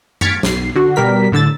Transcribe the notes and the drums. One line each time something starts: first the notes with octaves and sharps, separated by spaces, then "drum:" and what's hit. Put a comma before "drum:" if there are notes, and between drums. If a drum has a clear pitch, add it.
F6 G#6 A6 B6 C#7 D7, drum: tom F#2
B1 C7, drum: snare
D3 F#4
B2 G3 A#4 B6
A2 D3 E6 A6